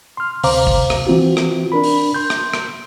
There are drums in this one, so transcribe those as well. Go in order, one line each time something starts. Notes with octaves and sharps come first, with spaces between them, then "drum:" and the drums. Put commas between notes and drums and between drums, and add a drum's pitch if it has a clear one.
C6 F6
D2 C3 C5 F5 A#5 D6, drum: open hi-hat
drum: kick
drum: rim click
E3 C4 F4 F#4
drum: rim click
D4 A#4 B5
drum: open hi-hat
C6 G6
drum: rim click
drum: rim click